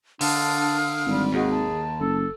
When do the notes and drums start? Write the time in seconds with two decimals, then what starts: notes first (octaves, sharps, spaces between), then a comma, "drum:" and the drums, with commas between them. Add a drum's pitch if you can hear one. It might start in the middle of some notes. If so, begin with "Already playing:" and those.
0.21 D3 D4 F5 D#6 F6, drum: open hi-hat
1.06 G#1 G3
1.34 D#2 D#4 F#4 G#4
1.50 A5
2.00 F#1 A4